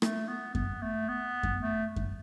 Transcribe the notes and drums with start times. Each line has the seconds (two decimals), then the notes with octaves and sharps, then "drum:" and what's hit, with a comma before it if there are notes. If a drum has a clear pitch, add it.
0.02 A3, drum: rim click
0.28 B3
0.55 B3, drum: kick F#2
0.82 A3
1.08 B3
1.43 drum: kick F#2
1.61 A3
1.96 drum: kick F#2